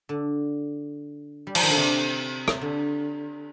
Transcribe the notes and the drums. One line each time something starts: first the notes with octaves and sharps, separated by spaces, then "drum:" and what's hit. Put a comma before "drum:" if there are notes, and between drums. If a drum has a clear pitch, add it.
D3
G3
F3, drum: cymbal
D#3
D3
C3
drum: rim click
D3